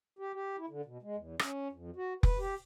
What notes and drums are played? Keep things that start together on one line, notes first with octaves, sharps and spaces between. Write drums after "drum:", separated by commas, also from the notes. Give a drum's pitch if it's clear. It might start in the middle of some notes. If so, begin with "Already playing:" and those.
G4
G4
E4
D3
B2
G#3
E2
C#4, drum: rim click
F2
F#4
B4, drum: kick F1
G4